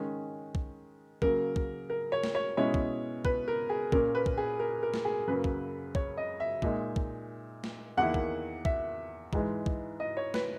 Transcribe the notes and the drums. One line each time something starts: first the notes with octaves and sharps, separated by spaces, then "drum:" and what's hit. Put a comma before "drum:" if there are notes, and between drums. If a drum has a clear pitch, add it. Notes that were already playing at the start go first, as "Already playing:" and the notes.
Already playing: D#3 G#3 C#4
drum: kick
C#3 F#3 A#3 A#4, drum: kick
drum: kick
A#4
C#5
drum: snare
C#5
B2 G#3 C#4 E4 C#5
drum: kick
B4, drum: kick
A#4
G#4
A#2 A#3 C#4 A#4, drum: kick
B4
drum: kick
G#4
A#4
A#4
drum: snare
G#4
F#2 C#3 F#3 A#3 B4
drum: kick
C#5, drum: kick
D#5
E5
A#2 G#3 D#4, drum: kick
drum: kick
drum: snare
E2 D#3 A#3 E4 F#5
drum: kick
E5, drum: kick
G#2 E3 G#3, drum: kick
drum: kick
D#5
C#5
B4, drum: snare